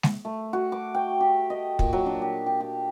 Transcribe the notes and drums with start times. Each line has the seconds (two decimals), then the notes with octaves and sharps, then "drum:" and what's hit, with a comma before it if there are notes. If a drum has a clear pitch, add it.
0.03 drum: snare G#3
0.25 A3
0.53 F#4
0.72 D6
0.94 G5
1.20 G4
1.50 D#5
1.79 A#2, drum: kick
1.93 F#3
2.06 D4
2.22 G4
2.46 G4
2.60 G4